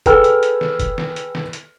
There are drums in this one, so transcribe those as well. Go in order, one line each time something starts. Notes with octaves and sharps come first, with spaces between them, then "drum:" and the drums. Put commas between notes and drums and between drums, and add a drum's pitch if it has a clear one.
G#4 A4 B4 G5 E6 F6, drum: kick, hi-hat
drum: hi-hat
drum: hi-hat
drum: snare
drum: kick, hi-hat
drum: snare
drum: hi-hat
drum: snare
drum: hi-hat